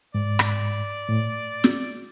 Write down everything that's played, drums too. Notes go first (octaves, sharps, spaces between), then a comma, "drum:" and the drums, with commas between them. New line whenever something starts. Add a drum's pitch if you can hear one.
G#2 D5
drum: rim click
A2
drum: snare